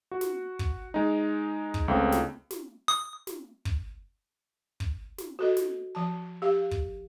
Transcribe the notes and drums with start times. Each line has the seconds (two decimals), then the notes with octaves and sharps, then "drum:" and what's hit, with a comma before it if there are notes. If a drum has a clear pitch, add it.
0.11 F#4
0.21 drum: snare
0.59 drum: kick
0.94 G#3 D#4
1.74 drum: kick
1.88 C#2 A3 C4
2.12 drum: snare
2.51 drum: snare
2.88 D#6
3.27 drum: snare
3.65 drum: kick
4.80 drum: kick
5.18 drum: snare
5.39 F#4 A4 D#5
5.57 drum: snare
5.95 F3 A5
6.42 G4 F5
6.71 drum: kick